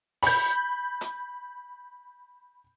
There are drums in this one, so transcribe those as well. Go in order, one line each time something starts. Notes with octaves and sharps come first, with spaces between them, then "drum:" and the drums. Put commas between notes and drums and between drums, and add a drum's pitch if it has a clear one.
B5 G6, drum: open hi-hat
drum: hi-hat